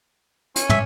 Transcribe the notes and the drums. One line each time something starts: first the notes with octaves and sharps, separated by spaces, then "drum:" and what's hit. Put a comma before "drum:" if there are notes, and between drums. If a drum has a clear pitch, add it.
C#4, drum: hi-hat
E5, drum: tom